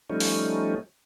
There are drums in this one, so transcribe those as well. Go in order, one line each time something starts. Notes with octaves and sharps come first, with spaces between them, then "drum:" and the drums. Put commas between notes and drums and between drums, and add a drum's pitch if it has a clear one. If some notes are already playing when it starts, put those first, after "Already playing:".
F3 G3 A3 C#4 D#4
drum: open hi-hat